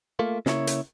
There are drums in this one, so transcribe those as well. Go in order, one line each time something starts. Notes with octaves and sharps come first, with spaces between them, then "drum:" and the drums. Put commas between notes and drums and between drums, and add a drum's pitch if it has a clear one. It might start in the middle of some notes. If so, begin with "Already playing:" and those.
A3 A#3 F4
C#3 A#3 E4 C#5, drum: snare
drum: hi-hat